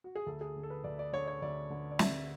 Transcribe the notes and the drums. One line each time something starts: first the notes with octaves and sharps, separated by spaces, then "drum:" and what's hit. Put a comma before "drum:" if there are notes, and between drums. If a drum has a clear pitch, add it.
F#4
G#4
D2 A4
G#4
D3
A4
B4
D2 D5
D5
D3 C#5
C#5
D2 D5
D3
D5
D2 E5, drum: snare